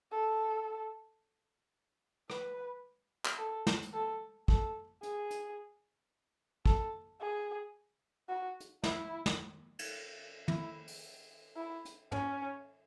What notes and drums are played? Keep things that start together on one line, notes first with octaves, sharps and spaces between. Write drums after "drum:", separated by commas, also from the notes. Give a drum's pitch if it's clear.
A4
B4, drum: rim click
drum: clap
A4
drum: snare
drum: hi-hat
A4
A4, drum: kick
G#4, drum: hi-hat
drum: hi-hat
A4, drum: kick
G#4
F#4
drum: hi-hat
E4, drum: snare
drum: snare
drum: cymbal
E4, drum: tom
drum: open hi-hat
E4
drum: hi-hat
C#4, drum: tom